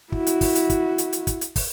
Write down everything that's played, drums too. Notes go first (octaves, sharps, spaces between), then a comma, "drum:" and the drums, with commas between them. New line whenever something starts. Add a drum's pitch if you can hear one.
E4 F#4, drum: kick
drum: hi-hat
drum: kick, open hi-hat
drum: hi-hat
drum: kick, hi-hat
drum: hi-hat
drum: hi-hat
drum: kick, hi-hat
drum: hi-hat
drum: kick, open hi-hat